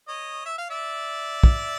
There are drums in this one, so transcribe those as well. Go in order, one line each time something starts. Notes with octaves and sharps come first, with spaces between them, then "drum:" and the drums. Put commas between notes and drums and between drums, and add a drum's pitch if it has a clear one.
C#5 D#5
E5
F5
D5 E5
drum: kick